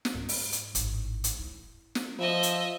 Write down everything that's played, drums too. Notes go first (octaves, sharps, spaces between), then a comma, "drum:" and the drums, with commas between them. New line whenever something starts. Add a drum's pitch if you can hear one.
drum: snare
G#2 G#3
drum: open hi-hat
drum: hi-hat
G#1 A2, drum: hi-hat
drum: hi-hat
E4
drum: snare
F3 D#5 E5
drum: hi-hat